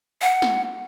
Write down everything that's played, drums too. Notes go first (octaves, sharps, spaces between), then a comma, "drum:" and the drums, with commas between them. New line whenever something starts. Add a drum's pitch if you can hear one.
F#5
drum: snare